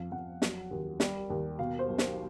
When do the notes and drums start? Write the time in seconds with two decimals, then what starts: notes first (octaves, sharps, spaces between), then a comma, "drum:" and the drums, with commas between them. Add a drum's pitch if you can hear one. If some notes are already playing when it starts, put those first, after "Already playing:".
Already playing: F2 F5
0.12 F2 F#5
0.42 F#3, drum: snare
0.71 D#2
1.00 G3, drum: snare
1.30 D#2
1.59 B2 F5
1.79 C5
1.88 B1
1.98 C5, drum: snare